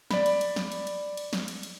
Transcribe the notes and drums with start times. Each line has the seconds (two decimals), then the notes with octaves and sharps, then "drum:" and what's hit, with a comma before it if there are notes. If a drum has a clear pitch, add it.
0.11 D5 B5, drum: snare
0.26 drum: cymbal
0.41 drum: cymbal
0.56 drum: snare
0.72 drum: cymbal
0.87 drum: cymbal
1.17 drum: cymbal
1.33 drum: snare
1.48 drum: cymbal
1.63 drum: cymbal